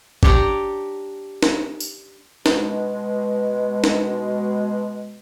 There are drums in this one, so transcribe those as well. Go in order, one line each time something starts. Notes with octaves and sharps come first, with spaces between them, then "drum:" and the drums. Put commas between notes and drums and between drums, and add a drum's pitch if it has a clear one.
D4 G4 C#5 D5 A#5, drum: kick
drum: snare
drum: tambourine
B2 G#3, drum: snare
drum: snare